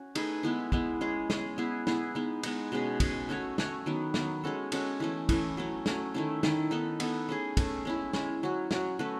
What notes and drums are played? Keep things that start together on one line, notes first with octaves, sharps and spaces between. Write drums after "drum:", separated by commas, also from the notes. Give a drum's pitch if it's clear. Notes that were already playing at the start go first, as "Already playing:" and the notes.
Already playing: C#4 F#4
A3 D#4 G#4 B4, drum: cymbal
G#3 B3 E4
G#3 B3 E4, drum: kick
G#3 C#4 G#4
G#3 C#4 G#4, drum: snare
B3 E4 G#4
B3 E4 G#4, drum: snare
G#3 B3 D#4
G#3 B3 D#4, drum: cymbal
B2 G#3 C#4 G#4
B2 G#3 C#4 G#4, drum: kick, cymbal
A3 C#4 F#4 C#5
A3 C#4 F#4 C#5, drum: snare
D#3 F#3 B3
D#3 F#3 B3, drum: snare
G#3 C#4 F#4 A4
G#3 C#4 F#4 A4, drum: cymbal
E3 A3 C#4
E3 A3 C#4, drum: kick, cymbal
F#3 A3 C#4
F#3 A3 C#4, drum: snare
D#3 A3 C#4 E4
D#3 A3 C#4 E4, drum: snare
B3 D#4 A4
B3 D#4 A4, drum: cymbal
A3 C#4 G#4
A3 C#4 G#4, drum: kick, cymbal
G#3 C#4 E4
G#3 C#4 E4, drum: snare
F#3 C#4 F#4
F#3 C#4 F#4, drum: snare
A3 C#4 F#4 B4